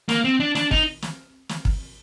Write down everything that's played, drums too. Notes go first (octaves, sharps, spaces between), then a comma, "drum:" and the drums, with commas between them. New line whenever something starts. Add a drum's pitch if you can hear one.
A#3, drum: snare
C4
D4
D4, drum: snare
D#4, drum: kick
drum: snare
drum: snare
drum: kick